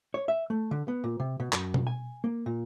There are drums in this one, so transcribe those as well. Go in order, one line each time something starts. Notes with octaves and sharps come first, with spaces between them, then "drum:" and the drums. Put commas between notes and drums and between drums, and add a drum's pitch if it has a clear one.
C#5
E5
A3
D3
B3
A#2
C3
B2
F#2, drum: clap
drum: tom B2
G#5
A#3
A#2